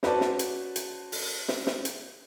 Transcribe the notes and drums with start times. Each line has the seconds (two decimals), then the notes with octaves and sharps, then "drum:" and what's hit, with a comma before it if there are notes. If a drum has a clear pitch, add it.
0.03 C#4 F#4 B4 C5 D5 A5, drum: snare
0.21 drum: snare
0.39 drum: hi-hat
0.76 drum: hi-hat
1.12 drum: open hi-hat
1.49 drum: snare
1.67 drum: snare
1.85 drum: hi-hat